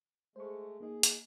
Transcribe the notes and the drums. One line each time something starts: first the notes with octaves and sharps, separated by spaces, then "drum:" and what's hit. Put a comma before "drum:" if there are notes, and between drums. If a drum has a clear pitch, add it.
G#3 A3 C5 C#6
A#3 D#4 G#4 D#5
drum: hi-hat